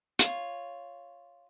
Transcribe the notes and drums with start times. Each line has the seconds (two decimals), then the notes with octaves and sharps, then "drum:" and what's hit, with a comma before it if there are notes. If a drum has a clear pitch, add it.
0.19 F4 C#5, drum: hi-hat